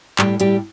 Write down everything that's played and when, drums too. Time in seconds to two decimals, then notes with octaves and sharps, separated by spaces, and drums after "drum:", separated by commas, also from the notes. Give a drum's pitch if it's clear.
0.19 A2 G3 G4, drum: clap
0.40 A2 G3 G4, drum: hi-hat